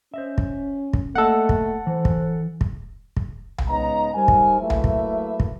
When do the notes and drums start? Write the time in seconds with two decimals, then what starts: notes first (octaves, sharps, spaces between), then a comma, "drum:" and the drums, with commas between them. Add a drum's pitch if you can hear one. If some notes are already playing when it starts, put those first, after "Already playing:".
0.14 C#4 C5 D#5 E5
0.38 drum: kick
0.93 drum: kick
1.15 A3 A#3 A4 D#5 F#5
1.49 drum: kick
1.87 E3 C5
2.05 drum: kick
2.61 drum: kick
3.17 drum: kick
3.58 drum: tom C2
3.68 G#2 C#3 B3 D#5 A#5
4.14 G3 D#4 A#4 C5 G#5
4.28 drum: kick
4.61 F#3 A3 A#3 E4 B4 E5
4.70 drum: tom C2
4.84 drum: kick
5.40 drum: kick